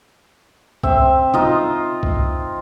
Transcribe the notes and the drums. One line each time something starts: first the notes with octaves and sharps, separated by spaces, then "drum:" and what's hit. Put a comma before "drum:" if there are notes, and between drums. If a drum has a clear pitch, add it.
C4 E5, drum: kick
D#4 F4 D#5, drum: tom
drum: kick